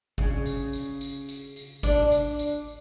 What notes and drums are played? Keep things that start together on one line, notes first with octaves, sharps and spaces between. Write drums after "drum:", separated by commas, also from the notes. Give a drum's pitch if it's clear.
C#3, drum: kick
drum: tambourine
drum: tambourine
drum: tambourine
drum: tambourine
drum: tambourine
D4 D5, drum: kick, tambourine
drum: tambourine
drum: tambourine